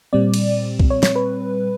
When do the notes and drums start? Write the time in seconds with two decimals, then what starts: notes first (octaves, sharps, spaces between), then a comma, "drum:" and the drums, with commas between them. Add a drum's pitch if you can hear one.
0.13 A#2 G3 C4 D5
0.34 drum: cymbal
0.80 drum: kick
0.90 C#5
1.03 C#5, drum: snare
1.16 B4